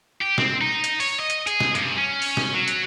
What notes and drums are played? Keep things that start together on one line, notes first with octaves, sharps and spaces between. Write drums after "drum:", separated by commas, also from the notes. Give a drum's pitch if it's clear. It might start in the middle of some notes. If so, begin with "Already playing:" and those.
G4
C4, drum: snare
D#4
drum: hi-hat
C#5, drum: open hi-hat
D#5
drum: hi-hat
G#4, drum: hi-hat
drum: snare
G2, drum: hi-hat
C#4
drum: open hi-hat
drum: snare
F#3
drum: hi-hat